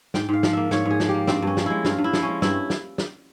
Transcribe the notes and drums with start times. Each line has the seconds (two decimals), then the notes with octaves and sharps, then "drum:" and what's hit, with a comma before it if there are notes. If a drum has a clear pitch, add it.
0.14 G#2 G5, drum: snare
0.29 G#2 F5
0.43 F3, drum: snare
0.53 A#3 E5
0.71 G#2 C#5, drum: snare
0.86 G#2 G#4
1.00 F3, drum: snare
1.09 G4
1.14 A#3
1.27 G2 C4, drum: snare
1.42 G2 C#4
1.57 F3, drum: snare
1.66 G#3 E4
1.85 G2 F4, drum: snare
1.98 G2
2.04 E4
2.13 F3, drum: snare
2.22 C#4
2.28 G#3
2.42 G2 E4, drum: snare
2.70 drum: snare
2.98 drum: snare